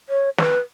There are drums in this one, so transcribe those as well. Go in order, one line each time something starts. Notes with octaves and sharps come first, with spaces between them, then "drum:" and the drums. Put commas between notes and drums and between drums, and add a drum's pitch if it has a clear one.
C#5
B4, drum: snare